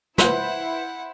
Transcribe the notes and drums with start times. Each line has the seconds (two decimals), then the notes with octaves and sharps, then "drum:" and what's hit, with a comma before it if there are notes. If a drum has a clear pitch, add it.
0.18 E4 B4 C5 F#5, drum: snare